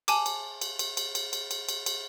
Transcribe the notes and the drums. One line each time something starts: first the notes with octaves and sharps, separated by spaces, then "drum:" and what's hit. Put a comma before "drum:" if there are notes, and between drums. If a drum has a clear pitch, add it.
G#5 A5 D6, drum: cymbal
drum: cymbal
drum: cymbal
drum: cymbal
drum: cymbal
drum: cymbal
drum: cymbal
drum: cymbal
drum: cymbal
drum: cymbal